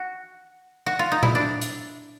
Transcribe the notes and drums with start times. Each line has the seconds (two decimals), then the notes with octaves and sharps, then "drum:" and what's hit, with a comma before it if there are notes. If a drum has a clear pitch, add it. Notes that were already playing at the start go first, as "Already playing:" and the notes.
Already playing: F#4
0.86 F#4
0.99 F4
1.12 D#4
1.23 E4, drum: tom A#2
1.35 D4
1.61 drum: hi-hat